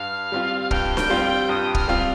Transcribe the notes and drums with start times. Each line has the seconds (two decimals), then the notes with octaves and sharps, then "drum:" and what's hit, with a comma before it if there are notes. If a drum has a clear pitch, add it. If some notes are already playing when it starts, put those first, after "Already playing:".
Already playing: G2 F5
0.32 G3 C4 F4
0.71 G2 G5, drum: kick
0.97 drum: snare D4
1.10 G3 C4 F4
1.49 G2 D#6
1.75 F6, drum: kick
1.88 G3 C4 F4